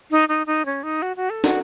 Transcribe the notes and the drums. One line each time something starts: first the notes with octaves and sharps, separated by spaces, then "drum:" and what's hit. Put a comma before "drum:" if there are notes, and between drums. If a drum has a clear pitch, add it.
D#4
D#4
D#4
C#4
D#4
F#4
F#4
A4
F#4, drum: snare